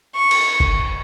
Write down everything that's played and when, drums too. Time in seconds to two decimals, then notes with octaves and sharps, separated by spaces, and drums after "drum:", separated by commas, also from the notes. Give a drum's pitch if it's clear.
0.15 C#6
0.31 drum: cymbal
0.60 drum: kick